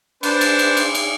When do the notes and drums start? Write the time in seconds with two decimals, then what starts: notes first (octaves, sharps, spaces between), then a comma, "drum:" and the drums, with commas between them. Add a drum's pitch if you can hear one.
0.23 D4 B4 C5, drum: cymbal
0.41 drum: cymbal
0.59 drum: cymbal
0.77 drum: cymbal
0.95 drum: cymbal